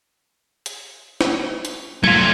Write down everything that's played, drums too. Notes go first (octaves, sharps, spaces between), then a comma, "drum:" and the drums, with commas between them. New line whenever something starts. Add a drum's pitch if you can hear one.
drum: hi-hat
drum: snare
drum: hi-hat
A3 F4 G#6, drum: tom F#3